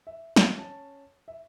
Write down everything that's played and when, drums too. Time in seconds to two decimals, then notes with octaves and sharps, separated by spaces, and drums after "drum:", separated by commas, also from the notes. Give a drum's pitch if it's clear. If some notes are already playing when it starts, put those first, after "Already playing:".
0.07 E5
0.36 E3 A#3 F#4, drum: snare
0.58 C#4 A5
1.28 E5